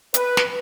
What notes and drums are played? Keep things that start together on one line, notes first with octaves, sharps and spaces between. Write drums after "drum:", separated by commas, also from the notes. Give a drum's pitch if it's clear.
B4, drum: hi-hat
drum: snare